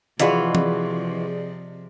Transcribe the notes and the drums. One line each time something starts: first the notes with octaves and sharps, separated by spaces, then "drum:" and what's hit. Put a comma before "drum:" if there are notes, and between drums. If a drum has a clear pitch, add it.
C3 E3 F3 F4 F#4 G#4 D5 D#5, drum: hi-hat
drum: tom E3